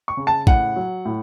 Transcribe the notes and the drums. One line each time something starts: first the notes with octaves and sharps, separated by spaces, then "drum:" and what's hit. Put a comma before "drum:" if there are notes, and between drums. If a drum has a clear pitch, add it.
C#6
C#3
A5
A2 F#5, drum: kick A1
F#3
A2